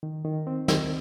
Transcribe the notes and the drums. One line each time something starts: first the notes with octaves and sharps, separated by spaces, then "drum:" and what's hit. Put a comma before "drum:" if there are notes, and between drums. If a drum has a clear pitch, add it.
D#3
D#3
C4
D#3, drum: snare